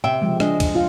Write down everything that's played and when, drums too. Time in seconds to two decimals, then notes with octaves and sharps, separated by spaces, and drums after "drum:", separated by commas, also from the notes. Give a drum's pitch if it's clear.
0.04 C3 E5 G5
0.22 C#3 F3 G#3
0.40 G#3 D4 D#5, drum: rim click
0.60 drum: kick, cymbal
0.75 F4 F5